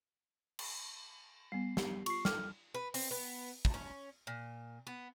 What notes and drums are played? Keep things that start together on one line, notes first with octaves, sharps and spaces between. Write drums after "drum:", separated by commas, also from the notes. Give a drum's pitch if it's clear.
drum: cymbal
G3 B3 C7
G4, drum: snare
F4 C#6 C7, drum: cymbal
A4 G5 D6 F6, drum: snare
B4
C4, drum: open hi-hat
B3
drum: kick
C#4
A#2
B3